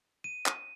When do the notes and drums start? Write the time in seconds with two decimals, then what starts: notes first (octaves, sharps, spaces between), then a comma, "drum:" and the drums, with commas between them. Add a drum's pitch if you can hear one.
0.24 D#7
0.46 drum: clap